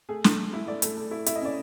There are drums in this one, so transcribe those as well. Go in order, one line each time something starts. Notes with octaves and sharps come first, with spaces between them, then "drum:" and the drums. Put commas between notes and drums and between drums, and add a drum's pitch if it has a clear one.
A3 G#4
A3, drum: snare
A3
E4
A3 D5
A3, drum: hi-hat
A3
E4
E4 E5, drum: hi-hat
D#5
C#4 D5